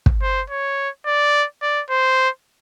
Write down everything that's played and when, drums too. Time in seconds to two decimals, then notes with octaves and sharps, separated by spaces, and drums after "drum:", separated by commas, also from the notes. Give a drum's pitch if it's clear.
0.06 drum: kick
0.22 C5
0.50 C#5
1.06 D5
1.62 D5
1.90 C5